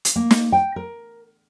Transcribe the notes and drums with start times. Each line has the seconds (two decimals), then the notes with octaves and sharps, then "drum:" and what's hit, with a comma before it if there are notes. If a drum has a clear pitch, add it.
0.05 drum: hi-hat
0.16 A#3
0.31 drum: snare
0.52 G5
0.76 A#4